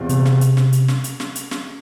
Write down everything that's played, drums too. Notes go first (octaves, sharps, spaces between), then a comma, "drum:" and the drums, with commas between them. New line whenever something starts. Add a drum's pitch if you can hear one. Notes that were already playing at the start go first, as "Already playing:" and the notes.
Already playing: E2 B2 G3 C4 F4
C3, drum: hi-hat
drum: snare
drum: hi-hat
drum: snare
drum: hi-hat
drum: snare
drum: hi-hat
drum: snare
drum: hi-hat
drum: snare